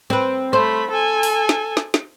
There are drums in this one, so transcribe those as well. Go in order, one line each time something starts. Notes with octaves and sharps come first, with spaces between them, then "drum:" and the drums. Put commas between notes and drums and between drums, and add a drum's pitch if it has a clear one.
C4 B4
A3 C5 B5
A4 G#5
drum: open hi-hat
drum: snare
drum: snare
drum: snare